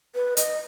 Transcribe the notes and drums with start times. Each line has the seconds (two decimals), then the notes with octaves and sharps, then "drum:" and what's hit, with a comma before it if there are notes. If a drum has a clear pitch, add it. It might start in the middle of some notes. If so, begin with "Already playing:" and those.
0.15 B4
0.37 D#5, drum: hi-hat